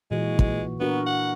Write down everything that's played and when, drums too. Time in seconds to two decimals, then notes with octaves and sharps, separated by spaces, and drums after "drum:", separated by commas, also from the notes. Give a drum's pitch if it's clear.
0.11 A#2 E3 G#3 F#4
0.39 drum: kick
0.80 B3 D4 F#4 A#4
1.06 F#5